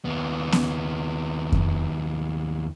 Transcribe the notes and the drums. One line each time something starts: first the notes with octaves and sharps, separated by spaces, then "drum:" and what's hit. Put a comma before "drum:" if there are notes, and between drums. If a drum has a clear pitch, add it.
D#2 B3
drum: snare B3
drum: kick F2